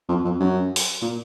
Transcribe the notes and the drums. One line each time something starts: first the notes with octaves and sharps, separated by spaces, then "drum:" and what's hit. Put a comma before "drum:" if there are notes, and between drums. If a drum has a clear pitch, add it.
F2
F2
F#2
drum: open hi-hat
A#2